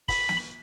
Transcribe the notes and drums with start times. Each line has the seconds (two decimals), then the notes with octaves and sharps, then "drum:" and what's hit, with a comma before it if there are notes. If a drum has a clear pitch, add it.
0.08 B5, drum: kick, open hi-hat
0.29 drum: snare